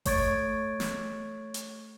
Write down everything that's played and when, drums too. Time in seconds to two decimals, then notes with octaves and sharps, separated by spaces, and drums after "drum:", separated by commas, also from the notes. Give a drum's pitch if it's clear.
0.05 A3 C#5 C#6 G#6 A6 D7, drum: kick G1, open hi-hat
0.80 drum: snare
1.54 drum: hi-hat